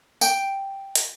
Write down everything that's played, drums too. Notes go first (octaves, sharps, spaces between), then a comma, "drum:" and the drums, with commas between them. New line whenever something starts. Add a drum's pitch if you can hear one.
G5, drum: tambourine
drum: hi-hat